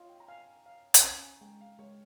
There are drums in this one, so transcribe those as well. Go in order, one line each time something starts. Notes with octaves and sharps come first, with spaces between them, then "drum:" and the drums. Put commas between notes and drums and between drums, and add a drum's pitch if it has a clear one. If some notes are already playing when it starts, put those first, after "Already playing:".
Already playing: F4 C#5 D#5 F5
G5
A#5
F5 G#5
F5
drum: hi-hat
C#4 A#5
G#5
G#3 G5
F5
G#3 C#5